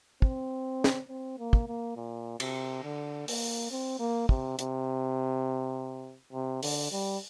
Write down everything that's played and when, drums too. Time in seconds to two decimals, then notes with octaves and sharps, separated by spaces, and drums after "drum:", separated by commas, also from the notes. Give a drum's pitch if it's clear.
0.22 C4, drum: kick
0.84 drum: snare
1.09 C4
1.39 A#3
1.53 drum: kick
1.68 A#3
1.97 A#2
2.40 C3, drum: cymbal
2.84 D3
3.28 A#3, drum: open hi-hat
3.71 C4
4.00 A#3
4.29 C3, drum: kick
4.59 C3, drum: hi-hat
6.33 C3
6.63 D3, drum: open hi-hat
6.92 G3